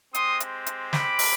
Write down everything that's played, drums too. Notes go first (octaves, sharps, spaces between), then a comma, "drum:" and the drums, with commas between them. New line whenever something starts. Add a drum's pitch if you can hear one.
G#3 C4 G4 C6 D#6, drum: hi-hat
drum: hi-hat
drum: hi-hat
B5 D6, drum: snare
drum: open hi-hat